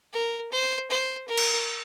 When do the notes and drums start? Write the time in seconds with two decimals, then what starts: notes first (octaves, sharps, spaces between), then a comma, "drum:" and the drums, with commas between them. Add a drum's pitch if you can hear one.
0.13 A#4
0.51 C5
0.90 C5
1.28 A#4
1.37 drum: cymbal